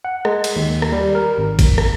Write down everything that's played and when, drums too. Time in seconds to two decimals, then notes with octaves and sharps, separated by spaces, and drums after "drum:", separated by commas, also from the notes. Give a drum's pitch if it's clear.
0.05 F#5
0.25 G#3, drum: rim click
0.44 drum: cymbal
0.56 D#2
0.82 drum: rim click
0.92 G3
1.15 A#4
1.38 G#1
1.59 drum: kick G#1, cymbal
1.78 drum: rim click